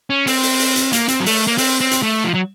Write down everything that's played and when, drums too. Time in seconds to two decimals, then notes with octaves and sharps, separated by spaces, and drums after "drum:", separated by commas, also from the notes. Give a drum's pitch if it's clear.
0.10 C#4
0.27 C4, drum: open hi-hat
0.43 drum: open hi-hat
0.59 drum: open hi-hat
0.76 drum: hi-hat
0.93 A#3, drum: hi-hat
1.08 C4, drum: hi-hat
1.20 F#3
1.26 A3, drum: open hi-hat
1.47 A#3
1.58 C4, drum: open hi-hat
1.81 C4
1.91 drum: hi-hat
2.03 A3
2.24 F3
2.34 F#3